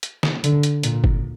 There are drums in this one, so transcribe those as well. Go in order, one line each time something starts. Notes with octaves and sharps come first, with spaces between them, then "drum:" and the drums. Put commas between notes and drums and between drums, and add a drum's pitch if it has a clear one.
drum: hi-hat
drum: snare
D3, drum: hi-hat
drum: hi-hat
A#2, drum: hi-hat
drum: kick